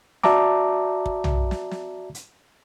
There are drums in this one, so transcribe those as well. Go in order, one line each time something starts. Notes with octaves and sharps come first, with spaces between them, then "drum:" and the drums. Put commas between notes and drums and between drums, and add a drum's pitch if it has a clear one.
F#4 D5 E5 A5 A#5 D6, drum: snare
drum: kick
drum: tom B1
drum: snare
drum: snare
drum: hi-hat